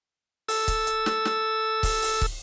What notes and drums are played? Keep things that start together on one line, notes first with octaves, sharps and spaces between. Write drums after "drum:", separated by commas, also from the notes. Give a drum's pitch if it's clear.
A4 E6, drum: open hi-hat
drum: kick, hi-hat
drum: hi-hat
drum: snare
drum: snare
drum: kick, open hi-hat
drum: open hi-hat
drum: kick